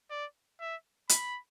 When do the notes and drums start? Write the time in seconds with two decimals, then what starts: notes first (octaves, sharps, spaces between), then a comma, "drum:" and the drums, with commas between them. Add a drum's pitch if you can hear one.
0.10 D5
0.61 E5
1.09 B5, drum: hi-hat